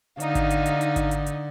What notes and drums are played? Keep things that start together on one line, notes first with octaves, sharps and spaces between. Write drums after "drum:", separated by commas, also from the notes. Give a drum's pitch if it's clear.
D3 D#4 F5, drum: hi-hat
drum: kick G#1, hi-hat
drum: hi-hat
drum: hi-hat
drum: hi-hat
drum: kick G#1, hi-hat
drum: hi-hat
drum: hi-hat